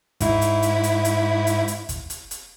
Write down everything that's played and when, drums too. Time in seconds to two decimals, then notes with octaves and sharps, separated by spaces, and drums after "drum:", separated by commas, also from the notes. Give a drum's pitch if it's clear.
0.20 G#2 E4, drum: kick, hi-hat
0.41 drum: hi-hat
0.63 drum: hi-hat
0.84 drum: hi-hat
1.05 drum: hi-hat
1.47 drum: hi-hat
1.68 drum: hi-hat
1.89 drum: kick, hi-hat
2.10 drum: hi-hat
2.31 drum: hi-hat